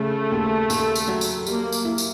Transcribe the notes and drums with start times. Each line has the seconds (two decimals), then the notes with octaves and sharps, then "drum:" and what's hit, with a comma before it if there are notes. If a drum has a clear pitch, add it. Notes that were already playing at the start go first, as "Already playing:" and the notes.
Already playing: C#3 A3
0.31 D#2
0.70 D#2, drum: tambourine
0.95 drum: tambourine
1.08 F#3
1.21 drum: tambourine
1.47 G3 A#3, drum: tambourine
1.72 drum: tambourine
1.85 E4
1.98 drum: tambourine